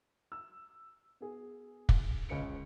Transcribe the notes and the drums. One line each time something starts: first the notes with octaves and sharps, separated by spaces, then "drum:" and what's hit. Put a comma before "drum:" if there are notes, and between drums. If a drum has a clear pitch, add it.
E6
B3 G#4
drum: kick
C#2 C#4 B4 C#7 D7